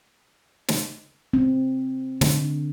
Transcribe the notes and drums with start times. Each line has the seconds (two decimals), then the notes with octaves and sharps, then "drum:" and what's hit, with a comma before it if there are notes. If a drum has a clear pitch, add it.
0.68 drum: snare
1.33 C4
2.21 D3, drum: snare